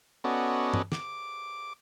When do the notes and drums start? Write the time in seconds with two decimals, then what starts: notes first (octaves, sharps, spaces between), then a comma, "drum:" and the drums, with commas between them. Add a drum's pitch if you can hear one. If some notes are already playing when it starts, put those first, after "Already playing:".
0.24 B3 C#4 F#4 A4 D5 D#5
0.74 drum: tom
0.92 D6, drum: snare